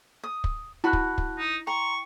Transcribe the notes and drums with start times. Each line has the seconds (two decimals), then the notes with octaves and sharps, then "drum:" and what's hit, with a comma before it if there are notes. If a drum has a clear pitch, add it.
0.24 D#6
0.44 drum: kick
0.84 E4 F#4 A5 B5 F#6
0.93 drum: kick
1.18 drum: kick
1.38 D#4
1.67 G5 A#5 C6 C#6